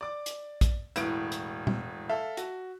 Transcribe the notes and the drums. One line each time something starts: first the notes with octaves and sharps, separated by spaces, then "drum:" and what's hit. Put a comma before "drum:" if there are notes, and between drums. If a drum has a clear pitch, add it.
D5 D6
drum: hi-hat
drum: kick, hi-hat
E1 A2 B4 D7, drum: hi-hat
drum: hi-hat
drum: tom A#2
A4 E5 F5
F#4, drum: hi-hat